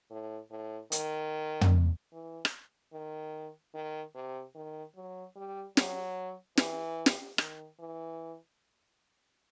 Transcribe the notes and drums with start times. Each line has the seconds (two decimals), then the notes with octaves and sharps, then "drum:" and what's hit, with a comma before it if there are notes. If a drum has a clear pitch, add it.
0.10 A2
0.51 A2
0.92 D#3, drum: hi-hat
1.61 drum: tom
2.13 E3
2.45 drum: rim click
2.93 D#3
3.74 D#3
4.15 C3
4.55 D#3
4.96 F#3
5.36 G3
5.77 F#3, drum: snare
6.57 E3, drum: snare
7.06 drum: snare
7.38 D#3, drum: rim click
7.79 E3